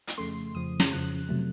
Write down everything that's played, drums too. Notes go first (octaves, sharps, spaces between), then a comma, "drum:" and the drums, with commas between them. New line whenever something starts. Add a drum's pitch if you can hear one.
drum: hi-hat
F2 C#3 A3 C6
F2 C#3 F3 D#6
drum: snare
F2 C#3 F3 F#6
C3 F#3 A3